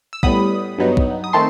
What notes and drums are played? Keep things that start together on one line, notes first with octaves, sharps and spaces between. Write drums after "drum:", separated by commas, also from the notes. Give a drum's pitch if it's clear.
E6
A2 G3 B3 B5 D#6, drum: kick
G2 F#3 B3 D#4
drum: kick
D#6
D#3 A3 C4 D#4 A5 C6